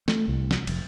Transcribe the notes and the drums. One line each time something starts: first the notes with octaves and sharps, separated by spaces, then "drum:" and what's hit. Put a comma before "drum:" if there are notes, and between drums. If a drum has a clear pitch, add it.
A3, drum: snare
C2
drum: snare
F1, drum: cymbal